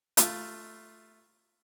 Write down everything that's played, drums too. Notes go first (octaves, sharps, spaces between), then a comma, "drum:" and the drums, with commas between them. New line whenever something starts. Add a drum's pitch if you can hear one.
A3 F4, drum: hi-hat